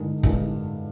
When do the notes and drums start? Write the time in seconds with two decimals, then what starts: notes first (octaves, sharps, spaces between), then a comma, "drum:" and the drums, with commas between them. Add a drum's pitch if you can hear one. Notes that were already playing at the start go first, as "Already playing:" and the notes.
Already playing: G2 D3 G#3 D#4 A#4
0.23 G2 D3 G#3 D#4 A#4, drum: kick